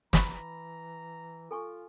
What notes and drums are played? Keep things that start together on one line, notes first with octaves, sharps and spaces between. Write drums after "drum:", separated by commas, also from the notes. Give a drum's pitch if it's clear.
E3 A#5 B5, drum: snare
F4 A4 G#5 C#6